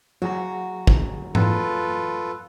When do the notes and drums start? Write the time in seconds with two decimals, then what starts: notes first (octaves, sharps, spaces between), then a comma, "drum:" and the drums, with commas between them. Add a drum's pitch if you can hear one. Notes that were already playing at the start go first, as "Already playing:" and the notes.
0.22 F#3 F#4 G#4 A#5
0.87 drum: kick
1.35 F4 A4 B4, drum: tom G#2